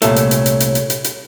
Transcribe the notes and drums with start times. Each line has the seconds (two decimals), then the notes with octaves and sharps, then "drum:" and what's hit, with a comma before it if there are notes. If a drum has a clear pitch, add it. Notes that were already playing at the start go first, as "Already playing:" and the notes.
0.02 C2 A#2 A3 C#5, drum: hi-hat
0.16 drum: hi-hat
0.31 drum: hi-hat
0.46 drum: hi-hat
0.60 drum: hi-hat
0.75 drum: hi-hat
0.90 drum: hi-hat
1.04 drum: hi-hat